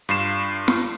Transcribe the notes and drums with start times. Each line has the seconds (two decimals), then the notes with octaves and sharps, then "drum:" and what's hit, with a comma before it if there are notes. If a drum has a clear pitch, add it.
0.09 G2 F4 C7 E7
0.68 drum: snare